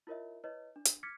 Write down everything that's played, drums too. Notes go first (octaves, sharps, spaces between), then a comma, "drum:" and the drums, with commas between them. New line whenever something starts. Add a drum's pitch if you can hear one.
E4 F4 A#4 C#5 D#5 E5
E4 B4 C#5 D#5
D4
drum: hi-hat
D6 F6 G#6 A6 B6 C#7